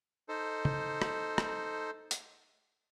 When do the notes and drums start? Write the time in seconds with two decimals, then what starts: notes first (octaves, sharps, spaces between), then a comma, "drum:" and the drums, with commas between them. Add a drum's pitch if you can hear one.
0.29 D#4 A4 C5
0.65 drum: tom
1.02 drum: rim click
1.38 drum: rim click
2.11 drum: hi-hat